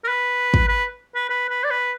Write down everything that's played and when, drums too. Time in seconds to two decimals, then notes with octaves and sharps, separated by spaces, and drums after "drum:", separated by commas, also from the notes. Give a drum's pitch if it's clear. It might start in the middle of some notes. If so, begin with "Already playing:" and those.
0.04 A#4
0.08 B4
0.54 drum: kick
0.69 B4
1.15 B4
1.29 B4
1.49 B4
1.64 D5
1.70 B4